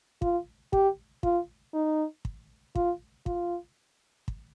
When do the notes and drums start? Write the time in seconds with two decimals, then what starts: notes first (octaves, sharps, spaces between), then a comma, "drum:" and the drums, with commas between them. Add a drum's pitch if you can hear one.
0.22 F4, drum: kick
0.73 G4, drum: kick
1.23 F4, drum: kick
1.74 D#4
2.25 drum: kick
2.75 F4, drum: kick
3.26 F4, drum: kick
4.28 drum: kick